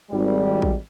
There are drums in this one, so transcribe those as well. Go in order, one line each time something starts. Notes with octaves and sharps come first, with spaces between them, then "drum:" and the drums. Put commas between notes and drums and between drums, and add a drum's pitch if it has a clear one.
G#1 G3
drum: kick